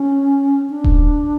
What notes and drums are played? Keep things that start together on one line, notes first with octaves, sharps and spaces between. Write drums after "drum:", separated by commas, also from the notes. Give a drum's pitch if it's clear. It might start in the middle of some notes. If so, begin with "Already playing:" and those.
Already playing: C#4
D4
drum: kick D#1